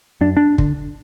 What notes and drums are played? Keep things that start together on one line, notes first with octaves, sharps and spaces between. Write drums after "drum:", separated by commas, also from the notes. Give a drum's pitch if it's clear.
F#2 D4
D4
D3, drum: kick